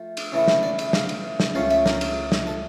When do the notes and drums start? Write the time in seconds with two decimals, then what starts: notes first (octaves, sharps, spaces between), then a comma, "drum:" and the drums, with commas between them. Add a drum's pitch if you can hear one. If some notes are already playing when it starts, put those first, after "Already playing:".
Already playing: F3 A3
0.17 drum: cymbal
0.32 C#3 E3 A3 E4
0.48 drum: snare
0.63 D5
0.79 E5, drum: cymbal
0.93 F5, drum: snare
1.09 drum: cymbal
1.40 drum: snare
1.55 C#2 C#3 F3 A3 C#4 F5
1.70 E5, drum: cymbal
1.86 A#4, drum: snare
2.01 drum: cymbal
2.32 drum: snare
2.47 A4